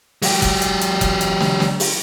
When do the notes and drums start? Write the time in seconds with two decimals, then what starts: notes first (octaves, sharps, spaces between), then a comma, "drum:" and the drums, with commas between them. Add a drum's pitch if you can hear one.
0.22 F#3 G4, drum: open hi-hat
0.42 drum: kick F1, hi-hat
0.62 drum: hi-hat
0.81 drum: hi-hat
1.01 drum: kick F1, hi-hat
1.21 drum: hi-hat
1.40 drum: snare
1.60 drum: snare
1.80 drum: open hi-hat